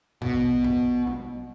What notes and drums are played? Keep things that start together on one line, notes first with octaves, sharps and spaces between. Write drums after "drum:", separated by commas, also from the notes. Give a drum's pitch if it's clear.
B2, drum: kick
drum: kick
drum: tom